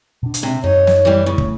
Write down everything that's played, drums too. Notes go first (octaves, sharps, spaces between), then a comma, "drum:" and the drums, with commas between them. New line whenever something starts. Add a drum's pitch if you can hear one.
B2 D4
drum: hi-hat
C3
F#2 D#4 C#5
drum: snare
E3 G3
C#3
A3, drum: kick